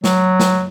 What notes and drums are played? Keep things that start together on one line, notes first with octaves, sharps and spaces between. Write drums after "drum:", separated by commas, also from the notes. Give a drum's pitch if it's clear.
F#3, drum: snare
drum: snare